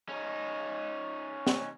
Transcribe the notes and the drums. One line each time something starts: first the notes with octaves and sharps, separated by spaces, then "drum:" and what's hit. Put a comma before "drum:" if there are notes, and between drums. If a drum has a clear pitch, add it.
C#4 D#4
drum: snare